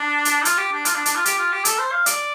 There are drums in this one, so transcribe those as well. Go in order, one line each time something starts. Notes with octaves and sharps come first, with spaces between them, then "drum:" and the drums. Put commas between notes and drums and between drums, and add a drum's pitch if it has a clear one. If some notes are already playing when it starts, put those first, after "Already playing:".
Already playing: D4
drum: hi-hat
F4, drum: hi-hat
G4
D4
F4, drum: hi-hat
D4
D4, drum: hi-hat
F4
G4, drum: hi-hat
F4
G4
A4, drum: hi-hat
C5
F5
D5, drum: hi-hat